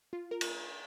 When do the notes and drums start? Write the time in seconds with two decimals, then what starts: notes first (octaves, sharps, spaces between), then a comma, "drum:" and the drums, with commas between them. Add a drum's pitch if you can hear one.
0.13 F4
0.31 A#4
0.41 drum: cymbal